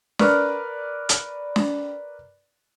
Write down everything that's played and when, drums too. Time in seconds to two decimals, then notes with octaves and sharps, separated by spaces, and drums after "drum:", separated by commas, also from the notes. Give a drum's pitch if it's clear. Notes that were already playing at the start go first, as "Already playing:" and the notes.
0.19 A#4 B4 D5 C#6 F6, drum: snare
1.09 drum: hi-hat
1.56 drum: snare